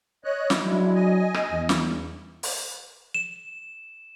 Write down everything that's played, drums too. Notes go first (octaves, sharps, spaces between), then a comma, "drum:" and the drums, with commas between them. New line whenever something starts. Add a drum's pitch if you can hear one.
C#5 D#5 F#6
drum: snare
F#3 G#3 D4 E4
D#5 G#5
drum: rim click
E2
drum: snare
drum: open hi-hat
E7